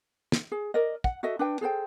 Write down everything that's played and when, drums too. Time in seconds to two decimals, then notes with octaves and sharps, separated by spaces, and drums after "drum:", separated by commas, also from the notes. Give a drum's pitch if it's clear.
0.32 drum: snare
0.52 G#4
0.74 A#4 D5 D#5
1.04 F#5, drum: kick
1.23 F#4 A4 D#5 E5
1.39 D4 B4 G5
1.61 G#4 A4 C5 G5